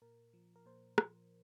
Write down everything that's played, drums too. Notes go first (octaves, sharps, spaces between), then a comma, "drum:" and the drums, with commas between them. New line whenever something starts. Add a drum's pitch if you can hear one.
A#2 A#4
F3
A#4
A#2 C5
F3, drum: rim click